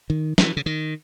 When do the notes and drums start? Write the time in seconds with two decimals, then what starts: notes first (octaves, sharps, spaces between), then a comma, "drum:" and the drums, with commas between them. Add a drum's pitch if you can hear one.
0.10 D#3
0.38 E3, drum: snare
0.57 C#3
0.66 D#3